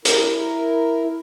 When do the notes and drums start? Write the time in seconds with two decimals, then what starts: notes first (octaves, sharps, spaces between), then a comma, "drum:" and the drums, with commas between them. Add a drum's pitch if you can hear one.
0.05 E4 A#4, drum: hi-hat